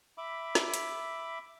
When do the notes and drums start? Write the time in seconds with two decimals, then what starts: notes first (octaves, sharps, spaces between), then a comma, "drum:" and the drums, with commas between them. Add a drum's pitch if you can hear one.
0.18 E5 B5 D6
0.55 drum: snare
0.74 drum: hi-hat